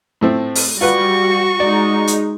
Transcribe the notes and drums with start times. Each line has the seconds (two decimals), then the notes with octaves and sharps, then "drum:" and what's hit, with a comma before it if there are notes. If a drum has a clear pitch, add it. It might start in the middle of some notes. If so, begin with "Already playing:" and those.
0.21 A2 A3 C4
0.55 drum: open hi-hat
0.81 G3 F4 F#4 B4 F#5 C#6
1.60 G#3 D#4 D5
2.07 drum: hi-hat